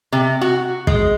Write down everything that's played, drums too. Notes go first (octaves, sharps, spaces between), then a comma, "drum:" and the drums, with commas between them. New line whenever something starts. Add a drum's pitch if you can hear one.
C3
F#4
G#3, drum: kick